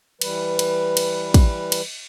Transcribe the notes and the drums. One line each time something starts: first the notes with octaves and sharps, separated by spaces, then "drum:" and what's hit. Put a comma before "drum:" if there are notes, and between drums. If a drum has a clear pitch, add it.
E3 G3 B4, drum: cymbal
drum: cymbal
drum: cymbal
drum: kick, cymbal
drum: cymbal